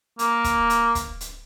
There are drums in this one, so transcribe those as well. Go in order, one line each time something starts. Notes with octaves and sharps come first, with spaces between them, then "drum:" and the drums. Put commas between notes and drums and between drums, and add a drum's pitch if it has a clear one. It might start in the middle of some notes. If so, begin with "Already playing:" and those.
A#3, drum: hi-hat
drum: kick, hi-hat
drum: hi-hat
drum: kick, hi-hat
drum: hi-hat